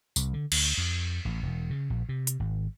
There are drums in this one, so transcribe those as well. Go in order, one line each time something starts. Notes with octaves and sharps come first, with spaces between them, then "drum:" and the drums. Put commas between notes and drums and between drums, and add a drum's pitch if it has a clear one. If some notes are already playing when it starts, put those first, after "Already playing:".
C2, drum: tambourine
D3
D2, drum: cymbal
F2
A1
E1
C#3
A#1
C3
drum: hi-hat
G#1